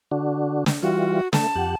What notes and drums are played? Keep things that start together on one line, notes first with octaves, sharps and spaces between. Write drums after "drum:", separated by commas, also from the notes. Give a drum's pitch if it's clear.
D3 D4 F#4
drum: snare
E3 G3 F4 F#4
A3 A5, drum: snare
F2 G4 F#5